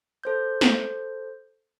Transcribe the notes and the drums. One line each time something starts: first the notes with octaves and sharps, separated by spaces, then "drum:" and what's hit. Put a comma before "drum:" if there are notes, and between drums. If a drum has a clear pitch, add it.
A4 C5 G6
drum: snare